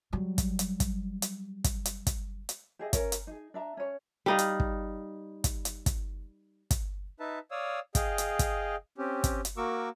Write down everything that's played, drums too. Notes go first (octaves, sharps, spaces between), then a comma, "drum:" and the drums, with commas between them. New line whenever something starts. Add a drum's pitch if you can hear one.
F#3 G3
drum: kick, hi-hat
drum: hi-hat
drum: kick, hi-hat
drum: hi-hat
drum: kick, hi-hat
drum: hi-hat
drum: kick, hi-hat
drum: hi-hat
G4 G#4 D#5 E5
C#4 A#4 C#5, drum: kick, hi-hat
drum: hi-hat
D#4 G#4
D4 E5 A#5
C#4 C#5
G3 D#4 F5
drum: hi-hat
drum: kick
drum: kick, hi-hat
drum: hi-hat
drum: kick, hi-hat
drum: kick, hi-hat
D#4 B4 E5 A5
C#5 D5 F5 D#6 E6
G#4 D#5 F5 G5, drum: kick, hi-hat
drum: hi-hat
drum: kick, hi-hat
C4 C#4 G4
drum: kick, hi-hat
drum: hi-hat
A#3 F#4 A#4 C#6 D6 E6